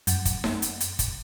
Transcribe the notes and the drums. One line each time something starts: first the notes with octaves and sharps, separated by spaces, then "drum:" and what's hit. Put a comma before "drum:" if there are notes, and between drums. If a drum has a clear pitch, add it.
F#2, drum: hi-hat
drum: kick, hi-hat
drum: snare D#4
drum: hi-hat
drum: hi-hat
drum: kick, hi-hat